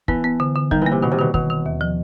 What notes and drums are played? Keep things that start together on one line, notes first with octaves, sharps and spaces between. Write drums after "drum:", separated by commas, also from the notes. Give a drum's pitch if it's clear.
E3 B3, drum: kick
B3
D3
D3
D#3 G3, drum: kick
E3 A#3
C3
B2 D#3
C3
B2 D#3
B2 D#3, drum: kick
D#3
D#2
F3